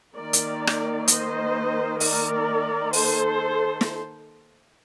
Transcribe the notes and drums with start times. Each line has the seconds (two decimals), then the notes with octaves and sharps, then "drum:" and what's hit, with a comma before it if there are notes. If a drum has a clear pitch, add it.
0.15 D#3 A#3 D#4 A#4 D5
0.33 drum: hi-hat
0.67 drum: rim click
1.08 C5 D#5, drum: hi-hat
2.00 A#4 D5, drum: open hi-hat
2.93 A4 C5, drum: open hi-hat
3.81 drum: snare